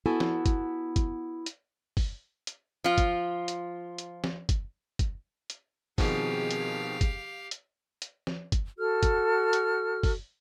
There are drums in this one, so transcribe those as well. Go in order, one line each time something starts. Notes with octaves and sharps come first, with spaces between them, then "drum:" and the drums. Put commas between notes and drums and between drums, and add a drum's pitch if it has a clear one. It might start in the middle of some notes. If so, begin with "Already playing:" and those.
B3 E4 F#4 A4 G#5
drum: snare
drum: kick F#1, hi-hat
drum: kick F#1, hi-hat
drum: hi-hat
drum: kick F#1, open hi-hat
drum: hi-hat
F3 F4
drum: kick F#1, hi-hat
drum: hi-hat
drum: hi-hat
drum: snare
drum: kick F#1, hi-hat
drum: kick F#1, hi-hat
drum: hi-hat
B2 D#3 F3 C4 G4 G#4 F5, drum: kick F#1, open hi-hat
drum: hi-hat
drum: kick F#1, hi-hat
drum: hi-hat
drum: hi-hat
drum: snare
drum: kick F#1, hi-hat
F#4 A4 F6
drum: kick F#1, hi-hat
drum: hi-hat
drum: kick F#1, open hi-hat